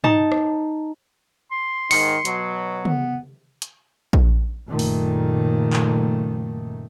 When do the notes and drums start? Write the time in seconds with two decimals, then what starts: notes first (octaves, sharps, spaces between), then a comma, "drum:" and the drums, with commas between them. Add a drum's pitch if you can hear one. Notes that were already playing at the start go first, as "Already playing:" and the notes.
0.04 D#4 A5, drum: tom
0.32 drum: rim click
1.52 C6
1.91 G#2 D#3 C#7, drum: open hi-hat
2.25 B2 F#3, drum: hi-hat
2.85 B3, drum: tom
3.62 drum: hi-hat
4.13 drum: kick A#1
4.68 F#1 A#2 D#3 A3
4.79 drum: open hi-hat
5.73 drum: clap